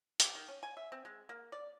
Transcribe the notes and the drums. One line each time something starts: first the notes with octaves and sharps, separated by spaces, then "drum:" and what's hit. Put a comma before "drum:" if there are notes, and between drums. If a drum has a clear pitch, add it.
G4, drum: hi-hat
D#3
C#4
G#5
E5
C4
G#3
A#3
D5